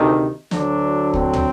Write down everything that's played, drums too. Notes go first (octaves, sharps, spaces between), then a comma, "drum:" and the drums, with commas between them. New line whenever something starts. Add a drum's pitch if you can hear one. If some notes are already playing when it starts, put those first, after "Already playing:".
Already playing: D2 C3 D#3
D2 D3 F#3 D4, drum: snare
C4, drum: kick
drum: tom